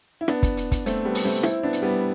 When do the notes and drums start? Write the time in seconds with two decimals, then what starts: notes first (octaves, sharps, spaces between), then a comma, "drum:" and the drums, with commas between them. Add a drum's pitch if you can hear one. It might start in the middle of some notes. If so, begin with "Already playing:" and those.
0.21 E4
0.28 B3 D4, drum: rim click
0.43 drum: kick, hi-hat
0.57 drum: hi-hat
0.72 drum: kick, hi-hat
0.86 A3 C4, drum: hi-hat
1.05 G3 B3
1.15 drum: open hi-hat
1.25 A3 C4
1.43 C4 E4, drum: rim click
1.63 B3 D4
1.73 drum: hi-hat
1.82 G3 B3